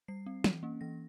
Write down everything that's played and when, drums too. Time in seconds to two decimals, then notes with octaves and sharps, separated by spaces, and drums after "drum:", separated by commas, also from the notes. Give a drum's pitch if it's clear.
0.08 G3 C7
0.26 C4
0.44 E3, drum: snare
0.63 A#3 C#4
0.81 E3 A#6